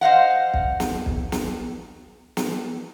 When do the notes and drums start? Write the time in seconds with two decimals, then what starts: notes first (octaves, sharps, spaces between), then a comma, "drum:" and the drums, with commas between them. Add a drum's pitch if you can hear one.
0.01 C5 D#5 F5 F#5
0.54 drum: kick
0.80 drum: snare
1.06 drum: kick
1.32 drum: snare
2.37 drum: snare